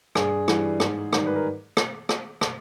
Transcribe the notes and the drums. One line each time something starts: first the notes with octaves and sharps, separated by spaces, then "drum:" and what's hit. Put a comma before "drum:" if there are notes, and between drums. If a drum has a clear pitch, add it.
G2 G#4, drum: rim click
E3 G3, drum: rim click
G#2, drum: rim click
D#3 G3, drum: rim click
B4
A#4
drum: rim click
drum: rim click
drum: rim click